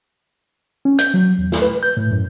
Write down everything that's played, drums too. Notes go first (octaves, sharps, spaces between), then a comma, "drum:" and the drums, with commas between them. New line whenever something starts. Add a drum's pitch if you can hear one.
C#4
G6, drum: hi-hat
F#3
E2
drum: snare
B4
G6
A2
F#2